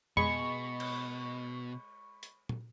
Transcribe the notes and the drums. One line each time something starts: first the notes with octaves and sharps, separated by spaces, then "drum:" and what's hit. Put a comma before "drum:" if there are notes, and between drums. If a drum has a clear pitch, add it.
B2 G#3 B5 C#6, drum: tom F2
drum: cymbal
drum: hi-hat
drum: tom